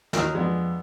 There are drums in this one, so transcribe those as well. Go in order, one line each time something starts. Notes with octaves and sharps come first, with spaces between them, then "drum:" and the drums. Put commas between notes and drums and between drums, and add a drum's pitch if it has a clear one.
D#2 F#3 A#4 D#5, drum: snare
F2 G#3 B3 D4